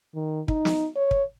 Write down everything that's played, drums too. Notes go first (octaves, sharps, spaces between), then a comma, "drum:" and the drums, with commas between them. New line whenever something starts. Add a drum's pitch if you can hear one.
D#3
D#4, drum: kick
drum: snare
C#5
drum: kick